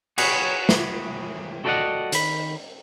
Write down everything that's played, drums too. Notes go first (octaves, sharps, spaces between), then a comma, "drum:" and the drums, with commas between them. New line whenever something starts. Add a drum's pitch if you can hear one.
F#4 G#4 B4 C#5, drum: cymbal
drum: snare
F#4 A4 B4 D5 D#5 F#5
D#3 B5, drum: hi-hat